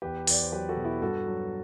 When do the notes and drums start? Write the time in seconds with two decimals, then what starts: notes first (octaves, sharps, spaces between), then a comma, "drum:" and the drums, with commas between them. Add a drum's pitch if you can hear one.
0.02 E2 G4 B4
0.27 E2 D5, drum: open hi-hat
0.42 C5
0.52 F#3 G4 B4
0.69 F#4 A4
0.77 B2
0.84 E4
1.02 G2 F#4 A4
1.27 F#3